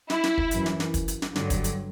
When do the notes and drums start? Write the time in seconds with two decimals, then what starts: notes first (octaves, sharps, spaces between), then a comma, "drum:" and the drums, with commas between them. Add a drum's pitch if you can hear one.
0.10 E4, drum: snare
0.24 drum: snare
0.38 drum: kick
0.51 F#2 E3, drum: hi-hat
0.66 drum: snare
0.80 drum: snare
0.94 drum: kick, hi-hat
1.08 drum: hi-hat
1.22 drum: snare
1.36 G2 D3 F#3, drum: snare
1.50 drum: kick, hi-hat
1.64 drum: hi-hat